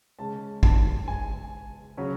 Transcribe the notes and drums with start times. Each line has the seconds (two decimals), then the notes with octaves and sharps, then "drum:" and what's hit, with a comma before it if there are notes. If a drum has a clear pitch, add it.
0.19 C#3 G#3 C#4 A5
0.63 A5, drum: kick A1
1.08 G#5
1.97 C#3 F#3 C#4